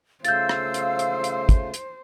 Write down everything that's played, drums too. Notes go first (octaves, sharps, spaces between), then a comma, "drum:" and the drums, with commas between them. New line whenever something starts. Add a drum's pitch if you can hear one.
C#3 A3 F4 C5 F5 E6 G6 A6, drum: hi-hat
drum: rim click
drum: hi-hat
drum: hi-hat
drum: hi-hat
drum: kick, hi-hat
drum: hi-hat